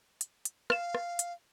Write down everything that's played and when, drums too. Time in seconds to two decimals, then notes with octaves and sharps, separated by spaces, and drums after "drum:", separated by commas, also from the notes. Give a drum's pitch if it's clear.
0.21 drum: hi-hat
0.45 drum: hi-hat
0.70 F5 F6 E7, drum: rim click
0.95 drum: rim click
1.19 drum: hi-hat